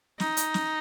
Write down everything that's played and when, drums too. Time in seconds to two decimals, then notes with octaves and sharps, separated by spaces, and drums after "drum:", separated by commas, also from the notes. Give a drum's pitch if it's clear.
0.20 D#4, drum: snare
0.37 drum: hi-hat
0.54 drum: snare